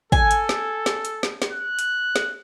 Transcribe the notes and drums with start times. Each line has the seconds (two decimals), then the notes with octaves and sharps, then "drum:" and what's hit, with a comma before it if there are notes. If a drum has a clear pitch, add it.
0.12 A4 G#5, drum: kick
0.31 drum: hi-hat
0.49 drum: snare
0.86 drum: snare
1.05 drum: hi-hat
1.23 drum: snare
1.42 drum: snare
1.52 F#6
1.79 drum: hi-hat
2.16 drum: snare